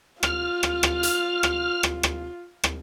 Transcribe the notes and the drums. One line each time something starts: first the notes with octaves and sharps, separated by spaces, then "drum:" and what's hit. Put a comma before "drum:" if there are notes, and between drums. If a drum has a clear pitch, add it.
F4 F6, drum: rim click
drum: rim click
drum: rim click
drum: hi-hat
drum: rim click
drum: rim click
drum: rim click
drum: rim click